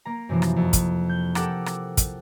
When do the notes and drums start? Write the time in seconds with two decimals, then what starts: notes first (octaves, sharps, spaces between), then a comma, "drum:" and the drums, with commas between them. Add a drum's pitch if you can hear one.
0.05 A#3 A#5
0.29 F#2 C3 E3 F3
0.42 drum: rim click
0.56 F2
0.73 drum: kick, hi-hat
1.09 G6
1.35 G4 A4 A#4 F#5 D6 E6, drum: rim click
1.66 drum: rim click
1.97 drum: kick, hi-hat